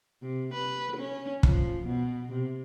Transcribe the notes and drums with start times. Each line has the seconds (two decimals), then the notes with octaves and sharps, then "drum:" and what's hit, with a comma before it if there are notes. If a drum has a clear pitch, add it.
0.22 C3
0.54 B4
0.97 C#4
1.43 F3, drum: kick
1.86 B2
2.32 C3